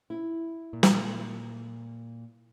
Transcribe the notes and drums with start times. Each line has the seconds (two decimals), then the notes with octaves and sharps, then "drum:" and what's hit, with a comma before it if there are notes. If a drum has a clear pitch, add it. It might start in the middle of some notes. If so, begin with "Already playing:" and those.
0.10 E4
0.73 A#2
0.83 drum: snare